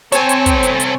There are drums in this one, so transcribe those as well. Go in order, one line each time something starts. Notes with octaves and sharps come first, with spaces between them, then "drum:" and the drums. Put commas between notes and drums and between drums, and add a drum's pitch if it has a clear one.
C2 C4 A4 C#5 G#5, drum: hi-hat
drum: hi-hat
drum: kick, hi-hat
drum: hi-hat
drum: hi-hat